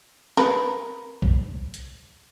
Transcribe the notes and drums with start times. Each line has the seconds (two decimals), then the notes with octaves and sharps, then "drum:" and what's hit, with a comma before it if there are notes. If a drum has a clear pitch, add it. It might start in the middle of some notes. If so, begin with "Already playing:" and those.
0.37 A#4 B4, drum: snare
1.22 drum: kick
1.74 drum: hi-hat